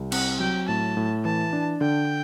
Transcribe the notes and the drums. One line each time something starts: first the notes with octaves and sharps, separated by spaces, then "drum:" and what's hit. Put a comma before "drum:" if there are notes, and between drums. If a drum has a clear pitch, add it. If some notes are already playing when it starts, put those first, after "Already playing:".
Already playing: C2
C4 F#5, drum: cymbal
F#3 G5
A2 A5
A2
E3 A5
D4
D3 G5